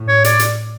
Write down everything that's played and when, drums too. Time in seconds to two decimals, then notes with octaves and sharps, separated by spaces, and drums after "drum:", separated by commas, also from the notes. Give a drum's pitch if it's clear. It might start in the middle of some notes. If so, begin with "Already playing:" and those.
Already playing: A2
0.08 C#5
0.24 D5, drum: hi-hat
0.39 drum: hi-hat